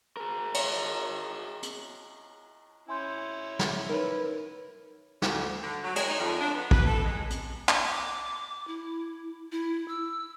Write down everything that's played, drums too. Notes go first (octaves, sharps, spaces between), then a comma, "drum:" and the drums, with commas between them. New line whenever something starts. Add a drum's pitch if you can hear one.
G#4 A#4
drum: cymbal
drum: hi-hat
C#4 E4 G#5 C6 G6
drum: snare
D#4 A#4 B4 C#5
D2, drum: snare
D3
F#3
G#3, drum: cymbal
D#4
F2
D4
B3
B4, drum: kick
A4
G#3
drum: hi-hat
drum: clap
D6
E4
E4
E6